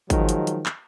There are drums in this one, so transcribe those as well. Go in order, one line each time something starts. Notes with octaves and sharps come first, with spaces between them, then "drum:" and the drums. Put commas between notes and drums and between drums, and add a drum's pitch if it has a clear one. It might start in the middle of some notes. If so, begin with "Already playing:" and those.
D#3 F3 F#3 G#3, drum: kick G#1, hi-hat
drum: hi-hat
drum: hi-hat
drum: clap